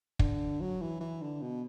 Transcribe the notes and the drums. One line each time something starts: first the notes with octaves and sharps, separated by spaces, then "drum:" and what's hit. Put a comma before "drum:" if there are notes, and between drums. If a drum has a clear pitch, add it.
D3, drum: kick
F#3
E3
E3
D3
B2